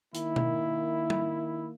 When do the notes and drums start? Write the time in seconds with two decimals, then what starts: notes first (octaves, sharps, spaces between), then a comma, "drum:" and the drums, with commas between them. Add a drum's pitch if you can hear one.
0.15 D#3 A#3 E4, drum: hi-hat
0.36 drum: tom B2
1.10 drum: tom G3